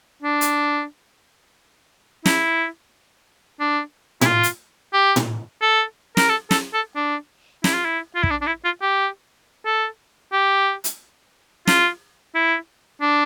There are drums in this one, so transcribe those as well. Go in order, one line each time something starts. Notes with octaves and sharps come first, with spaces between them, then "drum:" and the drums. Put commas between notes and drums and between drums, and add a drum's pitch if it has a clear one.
D4
drum: hi-hat
E4, drum: snare
D4
E4, drum: tom A2
F4
drum: hi-hat
G4
drum: tom A2
A4
A#4, drum: snare
A4
A4, drum: snare
A4
D4
E4, drum: snare
F4
E4
F4
E4, drum: kick
D4
D4
E4
F4
G4
A4
G4
drum: hi-hat
F4, drum: snare
E4
D4